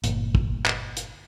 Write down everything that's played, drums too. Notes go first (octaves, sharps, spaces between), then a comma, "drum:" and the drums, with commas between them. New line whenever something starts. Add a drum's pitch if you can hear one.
G1 A#2, drum: hi-hat
drum: kick
drum: clap
drum: hi-hat